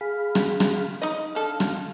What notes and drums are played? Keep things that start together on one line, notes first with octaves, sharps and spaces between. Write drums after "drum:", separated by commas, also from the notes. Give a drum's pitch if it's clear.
G#4 F5 B5
drum: rim click
drum: rim click
D#4 D#5
D4 A4 F5
drum: rim click